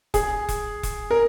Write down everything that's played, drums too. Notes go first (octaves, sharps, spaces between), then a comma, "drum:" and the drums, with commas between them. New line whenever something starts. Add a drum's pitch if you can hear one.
G#4, drum: kick E1, hi-hat
drum: kick E1, hi-hat
drum: kick E1, hi-hat
A#4